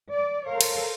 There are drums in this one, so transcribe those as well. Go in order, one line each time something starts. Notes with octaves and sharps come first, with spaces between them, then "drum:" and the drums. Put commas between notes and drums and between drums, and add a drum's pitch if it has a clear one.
D5
A4 A#4 C5 C#5 F5
drum: cymbal